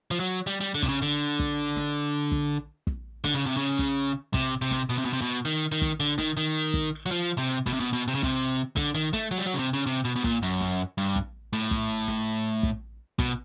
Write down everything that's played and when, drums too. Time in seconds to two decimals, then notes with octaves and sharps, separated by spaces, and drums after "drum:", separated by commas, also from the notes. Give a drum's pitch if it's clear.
0.11 F3
0.20 F#3
0.47 G3
0.61 G3
0.75 D3
0.83 C3, drum: kick
0.89 C#3
1.02 D3
1.39 drum: kick
1.76 drum: snare
2.32 drum: kick
2.87 drum: kick
3.24 D3, drum: snare
3.35 C#3
3.46 C3
3.57 C#3
3.79 drum: kick
4.34 C3, drum: kick
4.62 C3
4.71 drum: snare
4.89 B2
4.98 C3
5.05 B2
5.13 C3
5.22 B2
5.45 D#3
5.72 D#3
5.82 drum: kick
6.00 D3
6.18 D#3, drum: snare
6.37 D#3
6.74 drum: kick
7.06 F#3
7.11 F3
7.38 C3
7.66 B2, drum: snare
7.73 C3
7.80 B2
7.93 B2
8.08 C3
8.15 C#3
8.23 C3, drum: kick
8.76 D3, drum: kick
8.95 D#3
9.13 A3, drum: snare
9.31 F#3
9.38 G3
9.46 F#3
9.54 C#3
9.59 C3
9.73 C#3
9.87 C3
10.05 B2
10.16 B2
10.24 A#2, drum: kick
10.43 F#2
10.61 drum: snare
10.98 G2
11.16 drum: kick
11.53 A2
11.71 drum: kick
12.08 drum: snare
12.63 drum: kick
13.19 B2, drum: kick